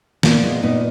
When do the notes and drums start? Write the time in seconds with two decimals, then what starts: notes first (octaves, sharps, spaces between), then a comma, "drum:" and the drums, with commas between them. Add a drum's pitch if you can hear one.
0.23 A#2 A#3, drum: snare
0.43 G#3 B3
0.63 A#2 B3 D#4